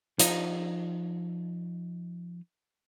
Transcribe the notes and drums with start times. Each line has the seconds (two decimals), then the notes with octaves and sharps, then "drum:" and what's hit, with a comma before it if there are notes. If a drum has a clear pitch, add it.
0.19 F3 D#4, drum: hi-hat